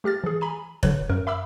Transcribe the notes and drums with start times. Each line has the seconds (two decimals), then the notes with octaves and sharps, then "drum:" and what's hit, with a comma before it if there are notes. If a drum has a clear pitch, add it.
0.04 A3 G4 F6 A6
0.24 E3 G#4
0.41 G#5 A#5 B5
0.83 D3 F#3 B4 C#5, drum: kick F1
1.09 F#2 A#4
1.27 E5 B5 D6 E6